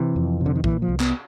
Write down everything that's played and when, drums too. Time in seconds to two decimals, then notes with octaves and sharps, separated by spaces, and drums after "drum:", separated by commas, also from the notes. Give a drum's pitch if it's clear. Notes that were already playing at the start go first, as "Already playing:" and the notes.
Already playing: C3 E3
0.16 F2
0.41 C3
0.46 D3
0.55 D#3
0.64 A#2 E3, drum: kick B1
0.82 F3
0.89 C2
1.00 B3, drum: clap